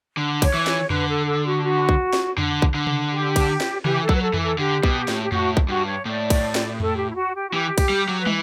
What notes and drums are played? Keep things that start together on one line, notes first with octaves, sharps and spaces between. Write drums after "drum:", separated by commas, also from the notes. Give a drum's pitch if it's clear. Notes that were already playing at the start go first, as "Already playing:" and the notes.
D3
C#5, drum: kick B1, cymbal
E3
C#5, drum: snare
D3 B4, drum: tom F2
A4
A4
F#4
F#4
drum: kick B1
drum: snare
D3, drum: tom F2
drum: kick B1
D3
drum: tom C3
G4
drum: kick B1, cymbal
drum: snare
E3 G4, drum: tom C3
A4
F#3, drum: kick B1
B4
A4
E3, drum: tom F2
A4
D3 G4
B2, drum: kick B1
A2, drum: snare
G4
A2 F#4, drum: tom F2
drum: kick B1
G2 F#4
C#5
A2 D5
drum: kick B1, cymbal
drum: snare
A4, drum: tom F2
G4
E4
F#4
G4
F#4
E3 G4
drum: kick B1, cymbal
G3
F#3
B4
E3, drum: tom